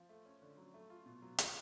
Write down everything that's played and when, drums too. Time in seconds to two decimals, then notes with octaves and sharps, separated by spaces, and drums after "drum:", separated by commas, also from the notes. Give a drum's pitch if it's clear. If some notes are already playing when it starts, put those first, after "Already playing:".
Already playing: F3
0.09 A3
0.26 C#4
0.42 D3
0.57 F#3
0.74 A3
0.90 F4
1.06 B2
1.22 F#3
1.38 F4, drum: hi-hat